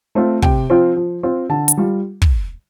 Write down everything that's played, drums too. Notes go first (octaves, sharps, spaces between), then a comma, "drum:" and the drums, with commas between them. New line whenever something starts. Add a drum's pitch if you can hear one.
A3 C4 F4
C3 G5, drum: kick
F3 C4 F4
F3
C4 F4
D3 A5
drum: hi-hat
G3 F4
drum: kick